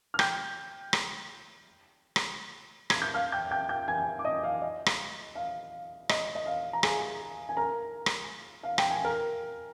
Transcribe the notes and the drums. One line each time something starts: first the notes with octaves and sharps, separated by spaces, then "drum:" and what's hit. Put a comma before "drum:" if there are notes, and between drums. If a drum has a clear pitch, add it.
F6
G5 G6, drum: rim click
drum: rim click
drum: rim click
G#6, drum: rim click
G6
F5 F6
G5 G6
G5 G6
G5 G6
G#5 G#6
D6
D#5 D#6
F5
D#5
drum: rim click
F5
D#5, drum: rim click
D#5
F5
A#5
G#4 G#5, drum: rim click
G#5
A#4 A#5
drum: rim click
F5
G5, drum: rim click
G#5
A#4 A#5